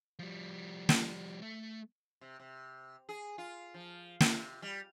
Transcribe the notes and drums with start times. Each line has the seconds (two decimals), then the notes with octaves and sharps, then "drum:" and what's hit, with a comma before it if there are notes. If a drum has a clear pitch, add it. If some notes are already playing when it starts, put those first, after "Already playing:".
0.19 F3 G3
0.89 drum: snare
1.42 A3
2.21 C3
2.40 C3
3.09 G#4
3.38 F4
3.74 F3
4.20 C3, drum: snare
4.62 G3